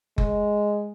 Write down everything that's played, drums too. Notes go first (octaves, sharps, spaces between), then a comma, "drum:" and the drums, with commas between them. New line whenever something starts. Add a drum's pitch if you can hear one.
G#3, drum: kick F#1